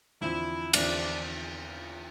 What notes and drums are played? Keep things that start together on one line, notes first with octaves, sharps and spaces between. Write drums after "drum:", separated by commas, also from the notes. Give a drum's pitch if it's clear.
E2 D3 F3 C4 E4
E2 D3 F3 C4 D4, drum: cymbal